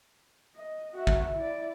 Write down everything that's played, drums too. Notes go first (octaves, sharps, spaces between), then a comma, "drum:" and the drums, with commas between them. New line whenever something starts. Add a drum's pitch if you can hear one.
D#5
F#4 E5
drum: kick
E4 D5